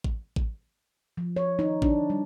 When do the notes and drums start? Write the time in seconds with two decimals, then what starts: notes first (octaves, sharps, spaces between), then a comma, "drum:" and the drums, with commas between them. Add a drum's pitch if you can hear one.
0.04 drum: kick A1
0.36 drum: kick A1
1.17 F3
1.36 C#5
1.59 D#4
1.82 D4, drum: kick A1
2.10 G3